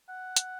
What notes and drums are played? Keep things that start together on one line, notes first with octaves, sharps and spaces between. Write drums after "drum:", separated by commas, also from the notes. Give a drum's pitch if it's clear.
F#5
drum: hi-hat